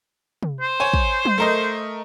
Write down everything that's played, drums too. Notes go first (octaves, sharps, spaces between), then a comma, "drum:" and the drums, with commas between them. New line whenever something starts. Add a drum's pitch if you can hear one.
drum: tom
C5
C#5 G#5
drum: kick
drum: tom F#3
A3 A#4 D#5